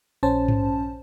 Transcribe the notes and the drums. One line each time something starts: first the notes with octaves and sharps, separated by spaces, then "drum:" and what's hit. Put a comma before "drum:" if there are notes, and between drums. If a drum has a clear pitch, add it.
A#1 C#4 C5 A5
drum: tom G#2